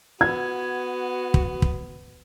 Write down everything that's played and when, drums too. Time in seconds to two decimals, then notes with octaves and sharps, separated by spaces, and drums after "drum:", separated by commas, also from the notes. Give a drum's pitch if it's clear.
0.21 B3 F#4 G#6
1.34 drum: kick
1.62 drum: kick